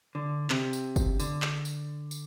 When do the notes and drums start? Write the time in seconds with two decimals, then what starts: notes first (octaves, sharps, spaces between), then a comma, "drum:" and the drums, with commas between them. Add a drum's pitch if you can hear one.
0.15 D3
0.50 C3, drum: clap
0.73 drum: tambourine
0.96 drum: kick G1, tambourine
1.20 D3, drum: tambourine
1.42 drum: clap
1.65 drum: tambourine
2.11 drum: tambourine